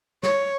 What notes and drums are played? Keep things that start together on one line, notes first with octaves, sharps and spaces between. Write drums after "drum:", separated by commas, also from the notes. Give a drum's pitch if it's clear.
C#5, drum: snare